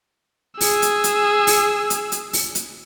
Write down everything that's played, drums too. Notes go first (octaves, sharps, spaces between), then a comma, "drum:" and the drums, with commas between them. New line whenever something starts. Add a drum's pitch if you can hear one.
G#4 E6, drum: open hi-hat
drum: hi-hat
drum: hi-hat
drum: open hi-hat
drum: hi-hat
drum: hi-hat
drum: open hi-hat
drum: hi-hat